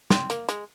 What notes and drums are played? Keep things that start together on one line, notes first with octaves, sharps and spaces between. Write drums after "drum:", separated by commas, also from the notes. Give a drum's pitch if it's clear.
C4, drum: snare
A#3, drum: hi-hat
G#3, drum: hi-hat